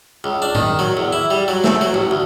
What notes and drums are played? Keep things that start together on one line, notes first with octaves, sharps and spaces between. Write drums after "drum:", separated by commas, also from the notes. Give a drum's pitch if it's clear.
C#2
D4
D#3, drum: tom A2
F#3
E2
E4
G3
F#3
A3, drum: snare
F#3
A1
D2